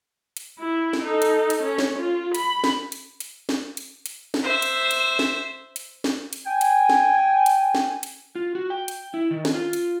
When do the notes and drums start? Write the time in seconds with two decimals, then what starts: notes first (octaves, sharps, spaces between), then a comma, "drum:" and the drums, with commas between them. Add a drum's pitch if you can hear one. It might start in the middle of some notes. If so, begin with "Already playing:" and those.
0.37 drum: hi-hat
0.60 E4
0.93 drum: snare
1.03 D#4 A4
1.22 drum: hi-hat
1.50 drum: hi-hat
1.63 C#4
1.79 drum: snare
1.99 F4
2.35 B5, drum: hi-hat
2.64 drum: snare
2.92 drum: hi-hat
3.20 drum: hi-hat
3.49 drum: snare
3.77 drum: hi-hat
4.06 drum: hi-hat
4.34 drum: snare
4.43 C5 E5
4.62 drum: hi-hat
4.91 drum: hi-hat
5.19 drum: snare
5.76 drum: hi-hat
6.04 drum: snare
6.33 drum: hi-hat
6.47 G5 G#5
6.61 drum: hi-hat
6.89 drum: snare
7.46 drum: hi-hat
7.75 drum: snare
8.03 drum: hi-hat
8.35 F4
8.55 F#4
8.70 G5
8.88 drum: hi-hat
9.14 E4
9.31 D#3
9.45 drum: snare
9.54 F4
9.73 drum: hi-hat